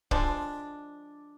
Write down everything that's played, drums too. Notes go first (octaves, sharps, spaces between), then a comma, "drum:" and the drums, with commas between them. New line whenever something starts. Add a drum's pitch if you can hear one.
D3 F3 G#3 D4, drum: kick